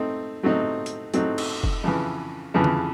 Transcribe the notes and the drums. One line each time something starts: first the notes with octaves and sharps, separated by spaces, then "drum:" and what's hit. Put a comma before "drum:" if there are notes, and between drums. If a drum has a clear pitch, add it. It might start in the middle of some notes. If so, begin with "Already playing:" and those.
Already playing: A3 C4 D#4
F#3 A3 C4 D#4
drum: hi-hat
F#3 A3 C4 D#4, drum: hi-hat
drum: cymbal
drum: kick F1
F2 C#3 E3
F2 C#3 E3
drum: tom D3